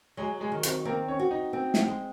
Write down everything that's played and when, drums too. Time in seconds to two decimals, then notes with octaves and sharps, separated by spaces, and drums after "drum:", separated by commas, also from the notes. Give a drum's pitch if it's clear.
0.17 F#3 G#3 G#4
0.40 G#3 G#4
0.52 D#3
0.63 C4 C5, drum: hi-hat
0.85 A#3 C4 A#4
1.08 C#4 C#5
1.19 F#4
1.31 D#4 D#5
1.53 C4
1.74 drum: snare
1.88 G#3